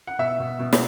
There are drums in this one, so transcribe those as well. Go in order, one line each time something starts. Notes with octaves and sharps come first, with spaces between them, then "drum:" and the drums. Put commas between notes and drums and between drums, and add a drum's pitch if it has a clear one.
F#5
B2 E5
B2
B2
drum: snare